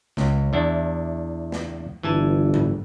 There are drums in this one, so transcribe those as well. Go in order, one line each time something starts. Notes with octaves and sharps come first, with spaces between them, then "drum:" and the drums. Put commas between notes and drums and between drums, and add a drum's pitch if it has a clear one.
C#2, drum: snare
E2 D4 E4
drum: snare
G1 E3 G#5 A5
drum: tom G#2